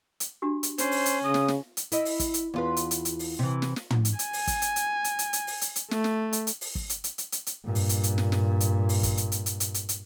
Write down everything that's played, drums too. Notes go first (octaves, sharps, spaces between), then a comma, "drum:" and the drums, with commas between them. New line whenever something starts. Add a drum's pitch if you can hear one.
drum: hi-hat
D4 F#4 G4
drum: hi-hat
C#4 C5, drum: hi-hat
drum: open hi-hat
drum: hi-hat
C#3 D#6
drum: snare
drum: snare
drum: hi-hat
E4 D#5, drum: hi-hat
drum: open hi-hat
drum: kick, hi-hat
drum: hi-hat
E2 F4 B4
drum: hi-hat
drum: hi-hat
drum: hi-hat
drum: open hi-hat
C3 E3
drum: snare
drum: snare
drum: tom
drum: hi-hat
G#5, drum: hi-hat
drum: open hi-hat
drum: kick, hi-hat
drum: hi-hat
drum: hi-hat
drum: hi-hat
drum: hi-hat
drum: hi-hat
drum: open hi-hat
drum: hi-hat
drum: hi-hat
A3, drum: snare
drum: snare
drum: hi-hat
drum: hi-hat
drum: open hi-hat
drum: kick
drum: hi-hat
drum: hi-hat
drum: hi-hat
drum: hi-hat
drum: hi-hat
G2 A#2
drum: open hi-hat
drum: hi-hat
drum: hi-hat
drum: snare
drum: snare
drum: hi-hat
drum: open hi-hat
drum: kick, hi-hat
drum: hi-hat
drum: hi-hat
drum: hi-hat
drum: hi-hat
drum: hi-hat
drum: hi-hat